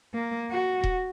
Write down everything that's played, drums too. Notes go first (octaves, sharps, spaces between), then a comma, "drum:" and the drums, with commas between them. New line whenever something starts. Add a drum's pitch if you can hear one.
A#3
F#4
drum: kick D#1